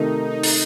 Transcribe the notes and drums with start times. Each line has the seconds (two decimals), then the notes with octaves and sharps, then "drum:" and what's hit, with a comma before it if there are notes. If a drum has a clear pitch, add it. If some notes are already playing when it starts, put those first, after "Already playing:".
Already playing: C3 D#3 A3 D#4
0.30 D#4
0.43 drum: open hi-hat